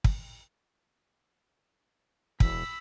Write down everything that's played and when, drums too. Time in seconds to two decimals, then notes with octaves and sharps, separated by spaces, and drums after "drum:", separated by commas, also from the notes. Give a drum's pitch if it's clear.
0.04 drum: kick
2.40 E1 B5 E6, drum: kick